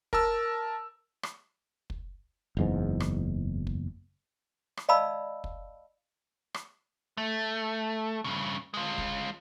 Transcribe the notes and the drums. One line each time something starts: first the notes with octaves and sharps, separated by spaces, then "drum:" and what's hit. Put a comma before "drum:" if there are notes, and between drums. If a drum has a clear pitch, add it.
A#4 A5 E6, drum: kick
drum: rim click
drum: kick
F#1 E2 G#2
drum: rim click
drum: kick
drum: rim click
D5 D#5 F5 A5 B5 E6
drum: kick
drum: rim click
A3
G2 C#3
G#3 F4
drum: kick